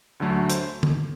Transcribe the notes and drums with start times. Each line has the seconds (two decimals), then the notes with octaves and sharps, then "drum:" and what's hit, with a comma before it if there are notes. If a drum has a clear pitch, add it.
0.20 D2 D3 F#3 A3
0.50 C5, drum: hi-hat
0.83 drum: tom D3